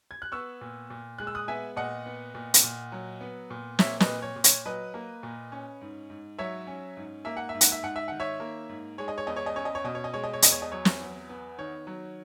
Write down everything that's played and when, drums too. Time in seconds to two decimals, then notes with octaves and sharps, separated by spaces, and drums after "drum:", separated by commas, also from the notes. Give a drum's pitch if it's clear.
0.11 G#6
0.22 F#6
0.32 B3 C#6 E6
0.61 A#2
0.90 A#2
1.18 G#3 F#6
1.27 E6
1.35 D#6 F#6
1.48 B3 E5 G#5
1.76 A#2 D#5 F#5
2.06 B3
2.35 A#2
2.54 drum: hi-hat
2.63 A#2
2.92 F#3
3.21 B3
3.50 A#2
3.79 A#3 C#5 E5, drum: snare
4.00 B4 D#5, drum: snare
4.07 A#2
4.22 C#5
4.36 A#2
4.44 C#5, drum: hi-hat
4.65 F#3 B4 D#5
4.94 A#3
5.23 A#2
5.52 C#4
5.81 G#2
6.10 G#2
6.39 F#3 C#5 E5
6.67 C#4
6.97 G#2
7.25 A#3 E5
7.37 F#5
7.49 E5
7.54 G#2
7.61 F#5, drum: hi-hat
7.72 E5
7.83 G#2 F#5
7.96 E5
8.08 D#3 F#5
8.20 C#5 E5
8.40 A#3
8.69 G#2
8.98 G#3 C#5
9.08 D#5
9.18 C#5
9.27 E2 D#5
9.36 C#5
9.46 D#5
9.56 C#4 C#5
9.65 D#5
9.75 C#5
9.84 B2 D#5
9.95 C#5
10.04 D#5
10.14 G#3 C#5
10.24 D#5
10.33 C#5
10.42 E2 D#5, drum: hi-hat
10.52 C#5
10.62 D#5
10.72 F#3 C#5
10.85 drum: snare
11.01 E2
11.29 B3
11.58 D#3 C#5
11.87 F#3